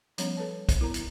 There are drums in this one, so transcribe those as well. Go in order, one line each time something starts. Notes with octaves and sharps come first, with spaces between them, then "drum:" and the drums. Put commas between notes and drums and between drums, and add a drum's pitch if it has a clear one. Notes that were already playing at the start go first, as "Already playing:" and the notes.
F3 G3 B3 C#4 C#5 A#5, drum: hi-hat
A4 B4 C#5 A5
drum: kick, hi-hat
B3 E4 A#4 A#5
drum: hi-hat